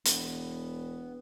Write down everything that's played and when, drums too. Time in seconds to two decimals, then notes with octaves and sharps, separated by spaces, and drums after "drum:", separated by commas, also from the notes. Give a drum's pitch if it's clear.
0.05 E1 B3, drum: hi-hat